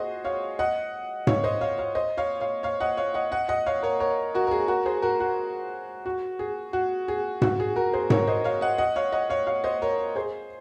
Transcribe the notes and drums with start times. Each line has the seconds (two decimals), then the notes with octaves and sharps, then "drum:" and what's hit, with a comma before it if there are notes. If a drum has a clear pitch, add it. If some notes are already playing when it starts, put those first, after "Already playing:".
Already playing: F#4 G#4 C5 D#5
0.24 C#5 F5
0.59 D#5 F#5
1.27 C#5 F5, drum: tom G#2
1.44 C5 D#5
1.61 C#5 F5
1.78 C#5 F5
1.95 C5 D#5
2.17 C#5 F5
2.40 C#5 F5
2.63 C#5 F5
2.80 D#5 F#5
2.97 C#5 F5
3.14 D#5 F#5
3.31 D#5 F#5
3.48 D#5 F#5
3.66 C#5 F5
3.83 A#4 C#5
4.00 A#4 C#5
4.34 F#4 A#4
4.47 A#4
4.51 G#4
4.68 F#4 A#4
4.86 G#4 C5
5.02 F#4 A#4
5.20 F#4
6.06 F#4
6.39 G#4
6.73 F#4
7.08 G#4
7.42 F#4, drum: tom G#2
7.60 G#4
7.76 F#4 A#4
7.93 G#4 C5
8.10 A#4 C#5, drum: tom G#2
8.27 C5 D#5
8.44 C#5 F5
8.61 D#5 F#5
8.78 D#5 F#5
8.96 C#5 F5
9.12 D#5 F#5
9.30 C#5 F5
9.47 C#5 F5
9.64 C5 D#5
9.82 A#4 C#5
10.15 G#4 C5